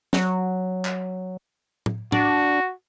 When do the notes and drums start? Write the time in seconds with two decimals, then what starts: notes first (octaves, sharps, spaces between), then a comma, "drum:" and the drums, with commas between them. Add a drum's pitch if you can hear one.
0.13 F#3, drum: snare
0.85 drum: clap
1.86 drum: tom
2.12 D4 F#4, drum: tom